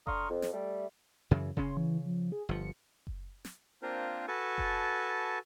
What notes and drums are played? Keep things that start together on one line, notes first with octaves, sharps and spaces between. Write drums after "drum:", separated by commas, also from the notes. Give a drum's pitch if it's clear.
D3 A#5 C6 C#6 D#6 F6, drum: kick F#1
F2
drum: snare
G3 A3
F#2 C#3 E3
C#3 C#4 C6, drum: kick F#1
E3
F3
G#4
G1 F3 C#7
drum: kick F#1
drum: snare
A#3 C4 D4 F4 A#4 C5
F#4 A4 B4 G#5 A5 C#6
drum: kick F#1